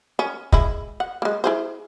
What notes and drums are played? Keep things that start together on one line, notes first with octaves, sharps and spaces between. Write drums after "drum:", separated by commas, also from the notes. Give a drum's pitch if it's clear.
C#4
G#3 E4, drum: kick
F#5
G#3 A#3
E4 G#4 C5